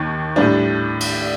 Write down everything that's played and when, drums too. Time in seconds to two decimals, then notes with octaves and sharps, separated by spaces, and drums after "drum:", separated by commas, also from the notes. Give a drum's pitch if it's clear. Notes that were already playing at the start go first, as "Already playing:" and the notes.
Already playing: D#2 D#3
0.36 A2 G3 D4
1.00 drum: cymbal